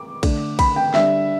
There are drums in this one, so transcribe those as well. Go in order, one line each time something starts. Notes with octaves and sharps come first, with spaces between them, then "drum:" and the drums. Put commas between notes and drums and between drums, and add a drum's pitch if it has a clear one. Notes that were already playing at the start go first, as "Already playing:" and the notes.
Already playing: D6
D3 A3 D4, drum: kick, cymbal
B5, drum: kick, cymbal
G5
D3 G3 D4 E5, drum: snare